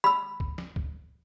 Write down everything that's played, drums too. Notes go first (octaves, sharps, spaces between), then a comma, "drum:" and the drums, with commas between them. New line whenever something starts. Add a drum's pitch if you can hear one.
B5 E6
drum: kick
drum: snare
drum: kick